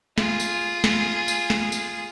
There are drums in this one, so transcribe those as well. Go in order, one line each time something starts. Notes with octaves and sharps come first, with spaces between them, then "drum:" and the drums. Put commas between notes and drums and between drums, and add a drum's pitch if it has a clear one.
F4 G#4, drum: snare
drum: tambourine
drum: snare
drum: tambourine
drum: snare
drum: tambourine